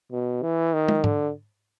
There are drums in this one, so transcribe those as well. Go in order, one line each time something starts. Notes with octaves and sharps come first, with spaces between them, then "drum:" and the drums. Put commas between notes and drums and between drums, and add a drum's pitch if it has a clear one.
B2
E3
D#3
drum: tom
D3, drum: tom G#2